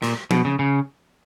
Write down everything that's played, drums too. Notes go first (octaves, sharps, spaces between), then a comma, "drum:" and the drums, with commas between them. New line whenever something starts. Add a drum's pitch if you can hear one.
A#2, drum: rim click
B2, drum: tom F3
C#3
C#3